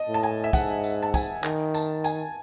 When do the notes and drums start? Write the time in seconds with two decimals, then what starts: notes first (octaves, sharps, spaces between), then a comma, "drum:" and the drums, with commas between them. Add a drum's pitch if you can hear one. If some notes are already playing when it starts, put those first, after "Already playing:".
Already playing: D#5 A5
0.09 A2
0.14 A5
0.23 G#5
0.44 E5
0.53 G#2 F#5, drum: kick, tambourine
0.84 drum: tambourine
1.03 A5
1.14 G#5, drum: kick, tambourine
1.44 D#3, drum: clap
1.74 A5, drum: tambourine
2.04 G#5, drum: tambourine